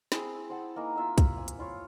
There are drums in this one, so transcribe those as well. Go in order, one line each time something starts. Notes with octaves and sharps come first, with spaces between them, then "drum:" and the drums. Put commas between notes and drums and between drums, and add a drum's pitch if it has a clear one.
C4 E4 G#4, drum: snare
C5 F#5 A5
A#3 D#4 G#5
F4 E5 E6
drum: kick, hi-hat
G#5
drum: hi-hat
E4 F4 C#5